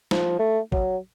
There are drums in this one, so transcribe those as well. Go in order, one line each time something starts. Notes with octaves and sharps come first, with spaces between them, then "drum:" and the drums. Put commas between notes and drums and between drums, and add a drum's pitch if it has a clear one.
F3, drum: snare
A3
F#3, drum: kick